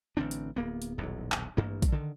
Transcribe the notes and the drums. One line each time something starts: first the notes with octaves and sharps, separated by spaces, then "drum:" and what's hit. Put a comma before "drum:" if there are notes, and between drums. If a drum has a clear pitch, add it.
A1 D3 C4 D4
drum: hi-hat
D1 A#3 B3
drum: hi-hat
D#1 B1 E2
drum: clap
A1 G2 A#3
drum: kick A#1, hi-hat
D3 D#3